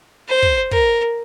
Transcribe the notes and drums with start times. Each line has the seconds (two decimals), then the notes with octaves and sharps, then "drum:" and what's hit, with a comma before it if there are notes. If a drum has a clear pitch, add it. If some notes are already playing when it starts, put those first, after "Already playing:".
0.28 C5
0.43 drum: kick
0.71 A#4, drum: kick